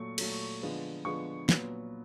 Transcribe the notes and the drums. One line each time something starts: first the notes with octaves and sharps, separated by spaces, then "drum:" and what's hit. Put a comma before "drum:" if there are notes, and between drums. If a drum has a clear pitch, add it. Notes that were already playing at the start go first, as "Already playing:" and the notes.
Already playing: A#2 F#3 A3 C#6
A#2 F#3 A3, drum: cymbal
D3 F3 G#3 B3
D3 F3 G#3 B3 C#6
A#2 F#3 B3, drum: snare